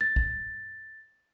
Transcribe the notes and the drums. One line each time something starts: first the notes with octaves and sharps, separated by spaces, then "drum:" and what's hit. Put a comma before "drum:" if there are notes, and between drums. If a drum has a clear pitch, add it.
A6
drum: kick